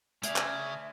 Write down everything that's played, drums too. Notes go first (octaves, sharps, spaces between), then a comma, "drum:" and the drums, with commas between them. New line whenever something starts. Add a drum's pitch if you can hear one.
C#3 A3 D5 E5 G#5, drum: hi-hat
drum: clap